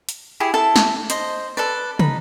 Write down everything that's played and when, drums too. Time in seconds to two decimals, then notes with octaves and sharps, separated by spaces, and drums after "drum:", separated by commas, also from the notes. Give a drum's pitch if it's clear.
0.09 drum: hi-hat
0.40 E4 G4 G#4
0.54 E4 A4 A5
0.76 drum: snare
1.10 C5 D#5, drum: hi-hat
1.57 A4 B4 D5
1.99 D#4 B5, drum: tom